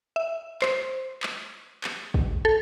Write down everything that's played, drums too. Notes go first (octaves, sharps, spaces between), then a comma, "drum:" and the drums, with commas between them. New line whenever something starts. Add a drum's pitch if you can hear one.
E5
C5, drum: clap
drum: clap
drum: clap
drum: kick
A4